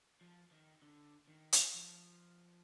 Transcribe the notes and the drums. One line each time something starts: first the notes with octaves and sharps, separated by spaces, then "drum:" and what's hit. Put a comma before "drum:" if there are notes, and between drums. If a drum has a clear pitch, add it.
F3
D#3
D3
D#3
drum: hi-hat
F3